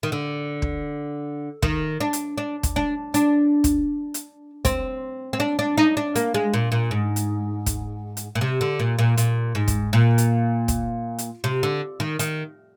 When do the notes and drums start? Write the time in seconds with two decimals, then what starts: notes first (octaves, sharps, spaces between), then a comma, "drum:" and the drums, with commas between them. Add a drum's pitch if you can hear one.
0.03 D#3
0.12 D3
0.62 drum: kick
1.63 D#3, drum: kick
2.00 D4
2.13 drum: hi-hat
2.38 D4
2.63 drum: kick, hi-hat
2.76 D4
3.14 D4, drum: hi-hat
3.64 drum: kick, hi-hat
4.14 drum: hi-hat
4.65 C4, drum: kick, hi-hat
5.33 C4
5.40 D4
5.59 D4
5.78 D#4
5.97 D4
6.16 A#3, drum: hi-hat
6.34 G#3
6.54 A#2
6.72 A#2
6.91 G#2
7.16 drum: hi-hat
7.66 drum: kick, hi-hat
8.17 drum: hi-hat
8.35 A#2
8.41 C3
8.61 D3
8.80 A#2
8.99 A#2
9.17 A#2, drum: hi-hat
9.55 G#2
9.68 drum: kick, hi-hat
9.93 A#2
10.18 drum: hi-hat
10.68 drum: kick, hi-hat
11.18 drum: hi-hat
11.44 C3
11.63 D3
12.00 D#3
12.19 D#3, drum: hi-hat